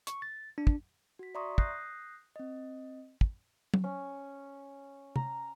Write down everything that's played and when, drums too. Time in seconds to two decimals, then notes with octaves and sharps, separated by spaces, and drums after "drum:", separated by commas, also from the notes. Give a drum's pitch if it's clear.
0.07 C#6, drum: hi-hat
0.22 A6
0.58 D4
0.67 drum: kick
1.19 F#4 B6
1.35 D5 E5 A#5 C6 C#6 D#6
1.58 D#6 F#6 G6 A#6 C7, drum: kick
2.36 C4 D#5
3.21 drum: kick
3.74 drum: tom F#3
3.84 C#4
5.16 A#5, drum: tom C3